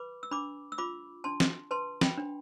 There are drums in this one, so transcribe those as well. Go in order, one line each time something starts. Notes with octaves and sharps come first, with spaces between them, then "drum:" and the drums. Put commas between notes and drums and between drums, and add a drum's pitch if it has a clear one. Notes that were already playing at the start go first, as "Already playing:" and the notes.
Already playing: B4 B5 D6
E6
D4 B5 D6
E6
F4 B5 D6
D4 A5 C6
drum: snare
B4 A5 C6
G5 B5, drum: snare
D4